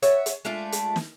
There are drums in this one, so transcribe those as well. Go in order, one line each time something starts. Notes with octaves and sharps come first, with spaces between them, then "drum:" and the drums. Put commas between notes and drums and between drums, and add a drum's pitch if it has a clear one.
C#5 E5 F#5, drum: hi-hat
drum: hi-hat
G#3 A3 D4 F4
drum: hi-hat
drum: snare